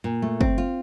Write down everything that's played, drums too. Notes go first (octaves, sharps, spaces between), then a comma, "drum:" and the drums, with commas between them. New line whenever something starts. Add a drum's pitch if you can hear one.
A#2
A3
C4, drum: kick G1
F4